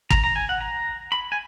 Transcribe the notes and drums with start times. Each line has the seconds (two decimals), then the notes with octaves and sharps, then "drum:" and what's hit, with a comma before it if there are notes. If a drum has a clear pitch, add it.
0.10 A#5, drum: kick
0.24 A#5
0.36 G#5
0.49 F#5
0.61 A#5
1.12 B5
1.32 G#5